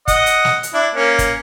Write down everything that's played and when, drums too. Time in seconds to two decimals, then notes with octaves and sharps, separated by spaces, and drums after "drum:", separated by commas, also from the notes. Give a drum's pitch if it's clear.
0.08 D#5 F#5, drum: kick, hi-hat
0.26 drum: hi-hat
0.45 drum: snare
0.63 drum: hi-hat
0.74 D4 E4
0.95 A#3 C#4
1.19 drum: kick, hi-hat